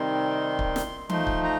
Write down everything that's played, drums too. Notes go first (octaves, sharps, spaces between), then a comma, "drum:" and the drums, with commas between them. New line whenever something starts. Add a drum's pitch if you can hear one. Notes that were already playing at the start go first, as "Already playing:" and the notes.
Already playing: C3 D#3 G3 C4 D#4 C6
drum: kick
drum: snare
F3 A3 D#4 C6, drum: tom E3
drum: kick
A#5